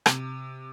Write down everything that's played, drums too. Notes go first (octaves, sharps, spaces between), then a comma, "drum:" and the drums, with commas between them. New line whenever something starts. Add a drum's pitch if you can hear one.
C3, drum: rim click